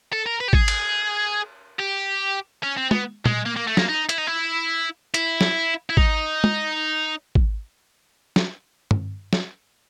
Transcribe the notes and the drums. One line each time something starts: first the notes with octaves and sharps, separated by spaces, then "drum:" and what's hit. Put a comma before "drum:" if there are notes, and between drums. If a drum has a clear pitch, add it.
A4
A#4
B4
G4
G#4, drum: kick G#1
drum: cymbal
G4
C#4
C4
B3, drum: tom
G#3, drum: tom A#2
A#3
A#3
A3
A#3, drum: snare
D#4
E4, drum: hi-hat
D#4
E4
E4, drum: hi-hat
drum: snare
E4
D#4, drum: kick G#1
drum: tom
drum: kick G#1
drum: snare
drum: tom
drum: snare